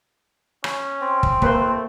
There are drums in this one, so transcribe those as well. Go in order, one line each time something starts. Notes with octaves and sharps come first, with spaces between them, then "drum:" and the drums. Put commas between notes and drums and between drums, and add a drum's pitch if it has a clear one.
C#4, drum: rim click
C4
drum: kick
A3 A#3 B4 C5, drum: kick